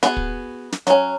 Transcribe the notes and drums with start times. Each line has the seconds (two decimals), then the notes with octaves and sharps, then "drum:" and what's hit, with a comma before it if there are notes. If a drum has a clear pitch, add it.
0.03 B3 F#4 G#4, drum: snare
0.17 drum: kick
0.72 drum: snare
0.87 F#3 C#4, drum: snare